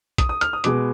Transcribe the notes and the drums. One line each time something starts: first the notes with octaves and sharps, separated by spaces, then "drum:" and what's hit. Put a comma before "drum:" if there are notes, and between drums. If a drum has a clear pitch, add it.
D#6, drum: kick A#1, hi-hat
D#6
F6, drum: hi-hat
D#6
B2 G#3 B3 D6, drum: hi-hat